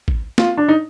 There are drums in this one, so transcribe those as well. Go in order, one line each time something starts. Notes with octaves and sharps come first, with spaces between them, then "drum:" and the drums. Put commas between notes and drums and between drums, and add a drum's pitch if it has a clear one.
drum: kick
F4, drum: snare
D4
D#4